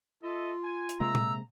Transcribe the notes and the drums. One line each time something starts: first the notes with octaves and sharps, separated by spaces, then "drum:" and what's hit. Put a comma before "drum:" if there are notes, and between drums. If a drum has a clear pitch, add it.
F4 A4 D#5 E5
G#5
drum: hi-hat
C3 G#3 A#3 E5 A#5 E6
drum: tom A#2